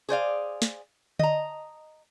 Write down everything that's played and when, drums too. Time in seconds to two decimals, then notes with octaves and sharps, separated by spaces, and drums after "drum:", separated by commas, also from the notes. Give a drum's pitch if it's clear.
0.09 G#4 C5 D5 F5
0.62 drum: snare
1.19 D#5 A#5, drum: tom D3